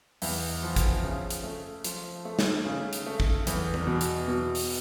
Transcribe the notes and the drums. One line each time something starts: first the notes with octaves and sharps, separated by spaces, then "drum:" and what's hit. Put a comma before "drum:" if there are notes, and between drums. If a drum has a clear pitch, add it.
E2, drum: open hi-hat
F3
drum: kick, hi-hat
C#3
drum: hi-hat
A3
F3, drum: hi-hat
A3
drum: snare
C#3
drum: hi-hat
A3
drum: kick
E2, drum: hi-hat
drum: tom E3
B2
drum: hi-hat
B2
drum: open hi-hat